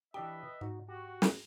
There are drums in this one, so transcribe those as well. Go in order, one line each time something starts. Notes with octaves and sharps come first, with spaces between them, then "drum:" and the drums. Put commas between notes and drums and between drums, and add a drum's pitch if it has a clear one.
E3 D4 G4 B4 D#5 E5 G5
G#2 D#4 F#4
F#4 G4
drum: snare